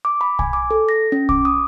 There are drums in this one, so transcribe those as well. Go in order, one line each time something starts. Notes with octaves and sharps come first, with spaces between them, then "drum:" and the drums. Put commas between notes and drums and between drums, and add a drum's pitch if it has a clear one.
D6
B5
G#5, drum: kick
D6
A4
A#6
C#4
D6, drum: kick
D#6